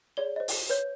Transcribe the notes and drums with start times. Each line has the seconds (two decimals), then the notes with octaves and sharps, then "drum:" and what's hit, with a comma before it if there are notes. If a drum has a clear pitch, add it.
0.17 G#4 C#5 D5 G7
0.36 C5 D#5
0.48 drum: open hi-hat
0.69 B4 C#5 G6